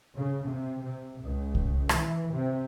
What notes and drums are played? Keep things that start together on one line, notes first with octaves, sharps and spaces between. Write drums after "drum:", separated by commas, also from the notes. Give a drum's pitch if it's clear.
C#3
C3
C3
C#2
drum: kick C2
E3, drum: rim click
C3